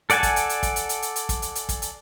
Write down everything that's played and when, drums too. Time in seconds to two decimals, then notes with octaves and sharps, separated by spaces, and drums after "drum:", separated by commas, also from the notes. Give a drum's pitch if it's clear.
0.10 A4 D5 F#5 G#5 A5, drum: hi-hat
0.23 drum: kick, hi-hat
0.36 drum: hi-hat
0.49 drum: hi-hat
0.63 drum: kick, hi-hat
0.76 drum: hi-hat
0.89 drum: hi-hat
1.02 drum: hi-hat
1.16 drum: hi-hat
1.29 drum: kick, hi-hat
1.42 drum: hi-hat
1.55 drum: hi-hat
1.69 drum: kick, hi-hat
1.82 drum: hi-hat